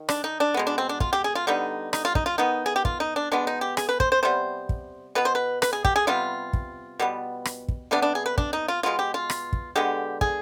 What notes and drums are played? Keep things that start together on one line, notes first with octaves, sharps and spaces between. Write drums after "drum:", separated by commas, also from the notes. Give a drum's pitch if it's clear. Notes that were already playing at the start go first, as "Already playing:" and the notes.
Already playing: D#3
D4, drum: rim click
D#4
D4
B2 G#3 B3
D4
C4
D4
F4, drum: kick
G4
G#4
F4
D3 G3 B3 D#4
D#4, drum: rim click
F4
D#4, drum: kick
F4
D#3 B3 D#4
G#4
G4
F4, drum: kick
D#4
D4
B2 G#3 B3 D4
D#4
G4
G#4, drum: rim click
B4
C5, drum: kick
C5
C3 G3 B3 C5
drum: kick
B2 B3 B4
C5
B4
B4, drum: rim click
G#4
G4, drum: kick
G#4
C3 G3 B3 F4
drum: kick
B2 G3 B3
drum: rim click
drum: kick
C3 G3 B3 D4
D4
G#4
B4
D4, drum: kick
D#4
F4
B2 G#3 B3 F4
G4
F4
drum: rim click
drum: kick
D3 G#3 B3 G4
G#4, drum: kick